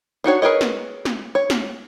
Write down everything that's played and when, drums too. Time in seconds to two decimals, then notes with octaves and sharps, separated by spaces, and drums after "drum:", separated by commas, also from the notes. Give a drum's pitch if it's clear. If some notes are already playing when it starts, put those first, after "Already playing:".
0.24 D4 D#4 F#4 C#5
0.42 G#4 A#4 B4 C#5 D#5
0.61 drum: snare
1.05 drum: snare
1.35 C#5
1.50 drum: snare